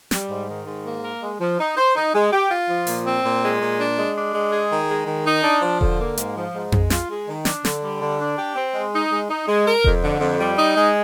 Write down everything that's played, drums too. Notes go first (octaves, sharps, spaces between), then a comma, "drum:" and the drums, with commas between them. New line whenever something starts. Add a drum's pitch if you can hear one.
G3, drum: snare
G#2
D#3
G#2
A#3
A#4
G#3
F3
D#4
C5
D#4
G#3
G4
F4
F3
A#2, drum: open hi-hat
C4
A#2
G#3
A#2
D4
G#3
D4
G#3
G#4
D#3
G#3
D#3
D#4
D4
F3
D3, drum: kick E1
A#3
G#2, drum: hi-hat
F3
G#2
G#3, drum: tom F2
F4, drum: snare
G#3
D#3
D4, drum: snare
D3, drum: snare
G3
D3
D4
G4
C4
G#3
D#4
G#3
D#4
G#3
A#4
F2, drum: kick E1
D3
F2
G3
D#4
G#3